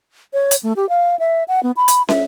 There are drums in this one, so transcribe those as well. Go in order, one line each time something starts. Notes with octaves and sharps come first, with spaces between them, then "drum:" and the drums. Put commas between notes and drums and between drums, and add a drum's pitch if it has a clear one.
C#5
drum: hi-hat
A3
G4
F5
E5
F#5
B3
B5
drum: hi-hat
E5, drum: snare